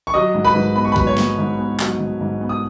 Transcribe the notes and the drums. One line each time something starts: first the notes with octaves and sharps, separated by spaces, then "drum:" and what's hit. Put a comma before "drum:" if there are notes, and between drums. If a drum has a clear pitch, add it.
C#6
F#3 D#5 D#6
G#2
B4 B5
G#2
B3 B5
C#6
B4 B5
F#3, drum: kick
C#5 C#6
G#2, drum: snare
G#2
B3
F#3, drum: clap
G#2
G#2
B3
D#6